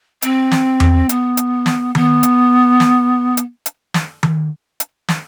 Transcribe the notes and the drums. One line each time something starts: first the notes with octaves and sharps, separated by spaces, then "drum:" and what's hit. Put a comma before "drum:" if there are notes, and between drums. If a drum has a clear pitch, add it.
C4, drum: hi-hat
drum: snare
drum: tom E2
B3, drum: hi-hat
drum: hi-hat
drum: snare
B3, drum: tom D#3
drum: hi-hat
drum: snare
drum: hi-hat
drum: hi-hat
drum: snare
drum: tom D#3
drum: hi-hat
drum: snare